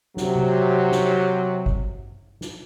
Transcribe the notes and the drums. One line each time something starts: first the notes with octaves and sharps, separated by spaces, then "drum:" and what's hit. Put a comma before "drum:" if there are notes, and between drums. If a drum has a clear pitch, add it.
C3 F#3, drum: snare
drum: tom C3
drum: snare
drum: kick
drum: snare